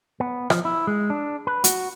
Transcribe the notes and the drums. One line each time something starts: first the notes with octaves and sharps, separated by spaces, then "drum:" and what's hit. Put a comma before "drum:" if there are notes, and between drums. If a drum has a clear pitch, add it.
B3
F3, drum: rim click
E4
G#3
D4
B4
F#4, drum: hi-hat